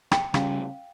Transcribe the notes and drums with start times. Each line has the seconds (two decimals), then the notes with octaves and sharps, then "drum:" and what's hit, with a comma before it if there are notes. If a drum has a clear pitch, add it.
0.12 G5, drum: rim click
0.34 C#3 G3 C#4 F5, drum: rim click